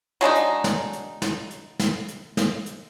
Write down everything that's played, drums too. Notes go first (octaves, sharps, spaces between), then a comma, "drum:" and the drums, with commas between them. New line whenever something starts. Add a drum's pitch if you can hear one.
F#3 G#3 D4 D#4
drum: hi-hat
drum: snare
drum: hi-hat
drum: snare
drum: hi-hat
drum: snare
drum: hi-hat
drum: snare
drum: hi-hat